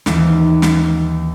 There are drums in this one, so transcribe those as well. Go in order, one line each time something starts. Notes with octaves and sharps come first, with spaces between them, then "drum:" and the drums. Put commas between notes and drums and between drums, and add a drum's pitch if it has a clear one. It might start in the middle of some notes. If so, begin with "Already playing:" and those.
D#2 E3, drum: snare
drum: snare